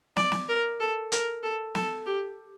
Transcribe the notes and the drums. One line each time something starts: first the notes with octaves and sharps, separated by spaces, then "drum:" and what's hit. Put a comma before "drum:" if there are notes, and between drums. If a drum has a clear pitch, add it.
D5, drum: snare
drum: snare
A#4
A4
A#4, drum: hi-hat
A4
A4, drum: snare
G4